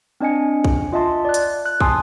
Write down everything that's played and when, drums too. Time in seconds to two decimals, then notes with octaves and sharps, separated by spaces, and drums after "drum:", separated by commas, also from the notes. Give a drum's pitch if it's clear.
0.21 C4 D4 D#5 G#5 C#7
0.64 drum: kick
0.92 F4 D#5 E5 A5 C6
1.25 D5 F#6
1.34 drum: hi-hat
1.65 F#6
1.80 G#5 A5 C6 D#6 E6, drum: kick